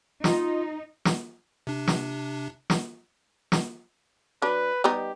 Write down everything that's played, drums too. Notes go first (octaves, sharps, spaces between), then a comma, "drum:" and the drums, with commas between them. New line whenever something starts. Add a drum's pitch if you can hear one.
D#4 F4, drum: snare
drum: snare
C3 D4
drum: snare
drum: snare
drum: snare
F#3 D4 B4
G3 B3 D#4 G4